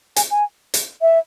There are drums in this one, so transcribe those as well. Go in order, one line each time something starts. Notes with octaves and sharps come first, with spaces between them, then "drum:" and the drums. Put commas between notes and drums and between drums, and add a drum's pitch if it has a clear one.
G#5, drum: hi-hat
G#5
drum: hi-hat
E5